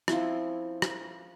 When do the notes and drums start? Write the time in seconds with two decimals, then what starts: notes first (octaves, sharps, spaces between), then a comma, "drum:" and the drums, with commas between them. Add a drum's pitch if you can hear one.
0.08 F3 C4 C#4 E4, drum: rim click
0.82 drum: rim click